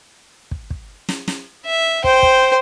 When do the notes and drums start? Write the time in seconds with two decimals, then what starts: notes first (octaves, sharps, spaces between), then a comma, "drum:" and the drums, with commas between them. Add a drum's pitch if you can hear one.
0.51 drum: kick
0.70 drum: kick
1.09 drum: snare
1.28 drum: snare
1.66 E5
2.04 C5 G5, drum: kick
2.23 drum: kick